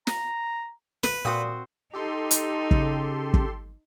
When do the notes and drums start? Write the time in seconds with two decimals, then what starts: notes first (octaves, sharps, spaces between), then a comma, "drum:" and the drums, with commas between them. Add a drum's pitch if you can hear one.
0.07 A#5, drum: snare
1.04 B4, drum: snare
1.25 A#2 C4 F#4 C5 D#6
1.93 D#4 G4 A4 C6
2.31 drum: hi-hat
2.71 C#3, drum: kick
3.34 drum: kick